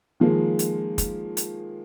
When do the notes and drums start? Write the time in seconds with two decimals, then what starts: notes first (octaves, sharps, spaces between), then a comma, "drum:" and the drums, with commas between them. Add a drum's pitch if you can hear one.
0.20 D#3 F3 G#3 A#3
0.59 drum: hi-hat
0.98 drum: kick, hi-hat
1.37 drum: hi-hat